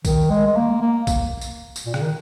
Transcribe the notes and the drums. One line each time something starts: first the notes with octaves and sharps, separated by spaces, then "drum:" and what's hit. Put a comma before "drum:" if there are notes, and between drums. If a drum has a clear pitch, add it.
D#3, drum: kick B1, tambourine
G#3
G#3
A#3
A#3
drum: kick B1, tambourine
drum: tambourine
drum: tambourine
A#2
C#3, drum: rim click
D#3